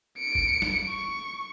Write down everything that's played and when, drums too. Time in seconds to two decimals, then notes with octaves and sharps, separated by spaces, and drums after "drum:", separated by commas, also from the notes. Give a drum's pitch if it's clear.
0.19 C#7 D7
0.35 drum: kick
0.62 drum: snare
0.90 C#6